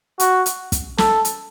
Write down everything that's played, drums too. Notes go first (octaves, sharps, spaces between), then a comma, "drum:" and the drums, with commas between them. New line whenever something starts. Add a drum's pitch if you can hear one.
F#4, drum: hi-hat
drum: hi-hat
drum: kick, hi-hat
A4, drum: snare
drum: hi-hat